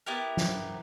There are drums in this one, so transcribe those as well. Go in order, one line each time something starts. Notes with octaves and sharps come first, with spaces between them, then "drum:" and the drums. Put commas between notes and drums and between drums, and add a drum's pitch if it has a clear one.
B3 E4 G4 A#4
drum: snare